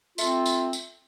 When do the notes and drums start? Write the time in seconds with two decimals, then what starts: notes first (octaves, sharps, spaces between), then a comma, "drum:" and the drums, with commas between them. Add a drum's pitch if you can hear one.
0.18 A3 C4 F4, drum: tambourine
0.46 drum: tambourine
0.73 drum: tambourine